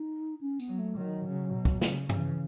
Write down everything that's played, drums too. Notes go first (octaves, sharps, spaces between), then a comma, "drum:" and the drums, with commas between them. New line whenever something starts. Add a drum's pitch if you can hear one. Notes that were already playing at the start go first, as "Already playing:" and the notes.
Already playing: D#4
C#4
B3, drum: tambourine
F#3
A3
D#3 F#3
C#3
B2
drum: kick
C#3, drum: snare
C#3 E3, drum: tom G2